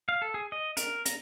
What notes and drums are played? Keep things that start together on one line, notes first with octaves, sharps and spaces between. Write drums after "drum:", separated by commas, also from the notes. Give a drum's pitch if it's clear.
F5
A4
G#4
D#5
A#4, drum: hi-hat
A#5, drum: hi-hat